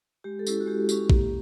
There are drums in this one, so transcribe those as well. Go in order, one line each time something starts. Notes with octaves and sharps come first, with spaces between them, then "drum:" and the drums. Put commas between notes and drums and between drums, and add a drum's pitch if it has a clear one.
G#3 G4
A4
C#4 E4, drum: tambourine
F#4
G#3 G4
C#4 E4, drum: tambourine
A#3, drum: kick A1